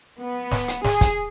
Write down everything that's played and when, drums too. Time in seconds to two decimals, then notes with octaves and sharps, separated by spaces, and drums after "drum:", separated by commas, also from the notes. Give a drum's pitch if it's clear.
0.19 B3
0.52 drum: snare
0.68 drum: hi-hat
0.84 G#4, drum: snare
1.01 drum: kick, hi-hat